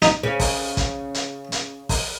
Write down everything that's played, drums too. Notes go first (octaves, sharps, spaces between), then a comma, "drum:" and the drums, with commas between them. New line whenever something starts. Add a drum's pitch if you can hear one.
D#4, drum: hi-hat
C#3 C#4
drum: kick, open hi-hat
drum: kick, hi-hat
drum: hi-hat
drum: hi-hat
drum: kick, open hi-hat